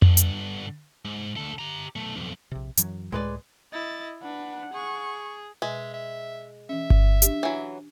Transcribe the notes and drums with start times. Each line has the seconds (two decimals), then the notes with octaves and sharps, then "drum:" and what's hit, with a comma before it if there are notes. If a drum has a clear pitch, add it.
0.02 G2 D3, drum: tom F2
0.17 drum: hi-hat
1.05 G#2
1.37 D2 A4
1.59 G4 A#5
1.96 B1 A3
2.16 B1 F2
2.52 A#1 C3
2.77 F#2 E3 F#3, drum: hi-hat
3.12 C#2 A2 G#3 B4 D5
3.73 E4 D#5 A6
4.22 D4 B4 F#5
4.73 G#4 C#6
5.62 B2 G#3 B4 E5
5.94 E5
6.69 E3 C#4 E5
6.90 drum: kick G1
7.22 D4 G4, drum: hi-hat
7.43 E3 F#3 G#5